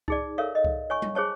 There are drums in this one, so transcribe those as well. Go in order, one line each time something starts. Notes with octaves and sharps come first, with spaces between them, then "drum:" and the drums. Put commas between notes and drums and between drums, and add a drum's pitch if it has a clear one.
D#4 G#4 D5, drum: kick C2
A4 A#4 C#5 E5 F5
D#5
drum: kick C2
C#5 G#5 C#6
drum: tom G3
G#4 C5 C#5 A5